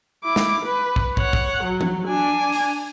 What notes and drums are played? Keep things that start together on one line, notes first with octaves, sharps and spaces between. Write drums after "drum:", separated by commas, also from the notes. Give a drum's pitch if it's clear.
E4 D6
drum: snare
B4
drum: kick
C#5 F#5, drum: kick
drum: kick
F#3
drum: tom E3
D4 G#5
drum: open hi-hat